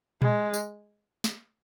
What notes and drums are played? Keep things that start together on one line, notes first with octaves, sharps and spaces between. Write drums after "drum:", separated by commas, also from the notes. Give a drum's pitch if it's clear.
G#3, drum: tom A#2
drum: tambourine
drum: snare